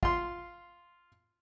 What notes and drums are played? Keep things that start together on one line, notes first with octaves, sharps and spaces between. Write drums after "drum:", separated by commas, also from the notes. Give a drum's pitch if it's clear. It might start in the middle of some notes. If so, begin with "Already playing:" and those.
F4 C6, drum: kick